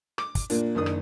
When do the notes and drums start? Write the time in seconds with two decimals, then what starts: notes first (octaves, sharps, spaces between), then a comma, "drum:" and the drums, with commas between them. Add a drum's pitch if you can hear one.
0.18 D6, drum: rim click
0.35 drum: kick, hi-hat
0.50 A#2 A#3 D4, drum: hi-hat
0.75 F#1 D#3 D4 D#6
0.86 drum: rim click